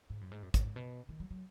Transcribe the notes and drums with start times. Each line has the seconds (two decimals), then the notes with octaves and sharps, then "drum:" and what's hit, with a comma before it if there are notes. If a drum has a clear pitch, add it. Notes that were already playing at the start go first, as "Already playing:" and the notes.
0.10 G#2
0.21 F#2
0.31 G#2
0.43 F#2
0.54 G#2, drum: kick, hi-hat
0.76 B2
1.09 D#3
1.20 F#3
1.31 F#3